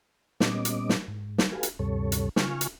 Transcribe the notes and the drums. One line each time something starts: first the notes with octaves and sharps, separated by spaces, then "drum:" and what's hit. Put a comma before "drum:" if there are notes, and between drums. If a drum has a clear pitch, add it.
A#2 G3 B3 C#4 D#5 D6, drum: snare
drum: hi-hat
drum: snare
G#2
drum: snare
F#4 G4 A4 B4 F5 G#5
drum: hi-hat
D2 G2 C3 G3 A4 C#5
drum: hi-hat
C#3 F4 G#5 C#6 F6, drum: snare
drum: hi-hat